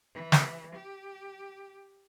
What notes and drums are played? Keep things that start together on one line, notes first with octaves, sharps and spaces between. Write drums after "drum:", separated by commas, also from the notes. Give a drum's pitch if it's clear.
E3
drum: snare
G4